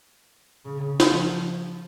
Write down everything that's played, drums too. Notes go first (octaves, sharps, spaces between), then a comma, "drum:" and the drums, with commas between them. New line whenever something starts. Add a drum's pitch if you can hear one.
C#3
drum: snare
F3